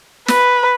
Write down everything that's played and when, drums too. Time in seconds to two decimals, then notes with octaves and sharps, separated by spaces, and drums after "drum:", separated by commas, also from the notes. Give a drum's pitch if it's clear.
0.28 B4, drum: snare